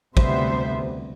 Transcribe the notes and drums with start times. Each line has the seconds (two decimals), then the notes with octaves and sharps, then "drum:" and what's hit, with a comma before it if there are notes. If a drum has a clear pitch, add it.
0.17 D2 C3 G3 B3 C5 E5, drum: kick